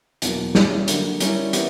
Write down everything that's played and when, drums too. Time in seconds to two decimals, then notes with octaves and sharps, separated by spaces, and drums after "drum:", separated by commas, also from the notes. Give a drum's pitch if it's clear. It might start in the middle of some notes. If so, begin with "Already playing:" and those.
0.22 E2 B2 F#3 A#3, drum: hi-hat
0.55 G3 C#4 E4 G4, drum: snare
0.88 D3 F#3 A#3, drum: hi-hat
1.20 G3 C#4 E4 A#4, drum: hi-hat
1.53 E3 B3 E4 G4 A#4, drum: hi-hat